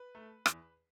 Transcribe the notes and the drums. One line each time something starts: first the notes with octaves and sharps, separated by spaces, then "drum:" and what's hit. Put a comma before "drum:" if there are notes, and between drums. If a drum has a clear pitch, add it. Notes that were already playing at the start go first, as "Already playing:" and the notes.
Already playing: B4
A3
E2, drum: rim click